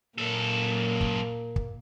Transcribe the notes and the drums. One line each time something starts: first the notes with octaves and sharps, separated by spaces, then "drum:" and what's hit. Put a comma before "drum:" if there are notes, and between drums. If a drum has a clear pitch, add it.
F#2 A#2 A#3 A4
drum: kick
drum: kick